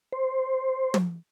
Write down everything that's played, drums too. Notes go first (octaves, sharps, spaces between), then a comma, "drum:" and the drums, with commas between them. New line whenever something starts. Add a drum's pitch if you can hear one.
C5
drum: tom